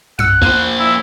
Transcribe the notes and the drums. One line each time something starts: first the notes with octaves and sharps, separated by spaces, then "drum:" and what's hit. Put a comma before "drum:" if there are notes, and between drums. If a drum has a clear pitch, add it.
F#5 E6 C#7, drum: tom F#2
E2 A#3 C5 D#7
E4